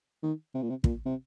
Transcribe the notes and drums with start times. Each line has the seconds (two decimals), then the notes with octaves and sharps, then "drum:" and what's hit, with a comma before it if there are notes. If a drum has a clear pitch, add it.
0.23 D#3
0.54 C3
0.62 A#2
0.70 C3
0.84 A#2, drum: kick
1.05 C3